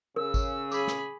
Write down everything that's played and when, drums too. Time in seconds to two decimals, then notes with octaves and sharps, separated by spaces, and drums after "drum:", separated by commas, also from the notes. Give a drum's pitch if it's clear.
0.16 C#3 A#4 E6
0.34 drum: kick G#1, tambourine
0.72 G#4 B5 D6, drum: tambourine
0.87 drum: snare